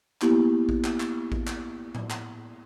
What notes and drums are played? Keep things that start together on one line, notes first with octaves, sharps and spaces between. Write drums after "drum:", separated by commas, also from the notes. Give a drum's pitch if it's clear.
A#3 B3 E4 G4, drum: clap
drum: kick A1
drum: clap
drum: clap
drum: kick A1
drum: clap
drum: tom A2
drum: clap